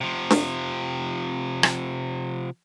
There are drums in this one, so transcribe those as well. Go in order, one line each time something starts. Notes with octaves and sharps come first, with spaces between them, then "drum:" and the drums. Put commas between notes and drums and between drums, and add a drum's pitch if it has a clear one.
C3 F3
drum: snare D4
drum: rim click